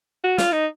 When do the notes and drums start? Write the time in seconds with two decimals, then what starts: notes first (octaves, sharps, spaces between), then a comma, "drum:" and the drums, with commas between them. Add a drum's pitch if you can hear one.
0.24 F#4
0.38 F4, drum: snare
0.52 D#4